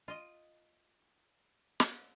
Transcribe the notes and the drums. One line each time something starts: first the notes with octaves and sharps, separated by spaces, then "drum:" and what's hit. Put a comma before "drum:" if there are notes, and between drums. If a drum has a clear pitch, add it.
F4 D#5
drum: snare